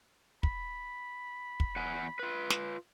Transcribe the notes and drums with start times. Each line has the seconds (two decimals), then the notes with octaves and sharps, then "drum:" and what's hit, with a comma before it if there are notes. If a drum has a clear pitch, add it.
0.43 B5, drum: kick
1.60 drum: kick
1.76 E2 F#5 G#5
2.19 F4 B4
2.50 drum: snare